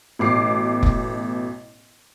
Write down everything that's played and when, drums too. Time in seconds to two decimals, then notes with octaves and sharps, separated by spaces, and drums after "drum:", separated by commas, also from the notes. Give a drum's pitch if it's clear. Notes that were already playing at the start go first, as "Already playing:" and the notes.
0.19 A1 B2 D6 C7
0.83 drum: kick F1